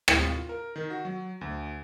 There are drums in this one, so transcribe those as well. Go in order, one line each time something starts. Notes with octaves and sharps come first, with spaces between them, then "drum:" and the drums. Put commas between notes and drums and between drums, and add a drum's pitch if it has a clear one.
A2, drum: rim click
F4
A#4
D#3
F#4
F#3
D2